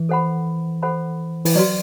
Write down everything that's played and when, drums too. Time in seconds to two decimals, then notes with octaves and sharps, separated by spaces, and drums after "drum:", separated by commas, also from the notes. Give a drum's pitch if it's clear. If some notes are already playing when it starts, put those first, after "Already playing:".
Already playing: E3
0.09 A4 C5 F#5 B5
0.82 A4 C5 F#5 B5
1.45 E3, drum: open hi-hat
1.55 F#3 F#4 B4 D5